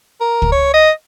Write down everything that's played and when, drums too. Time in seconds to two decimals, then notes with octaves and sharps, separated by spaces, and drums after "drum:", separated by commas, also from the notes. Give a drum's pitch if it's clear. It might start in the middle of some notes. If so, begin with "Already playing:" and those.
0.21 A#4
0.42 drum: kick
0.52 C#5
0.74 D#5